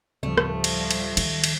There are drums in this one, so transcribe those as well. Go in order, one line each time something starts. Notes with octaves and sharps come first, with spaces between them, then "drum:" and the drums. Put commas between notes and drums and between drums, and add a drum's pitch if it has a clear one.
D1 C#3 F3 G3 A3 C4
drum: rim click
drum: cymbal
drum: cymbal
D#3, drum: cymbal
drum: cymbal